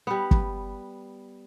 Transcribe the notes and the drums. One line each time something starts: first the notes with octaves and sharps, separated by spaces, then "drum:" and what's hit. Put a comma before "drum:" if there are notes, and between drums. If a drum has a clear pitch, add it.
G3 B3
drum: kick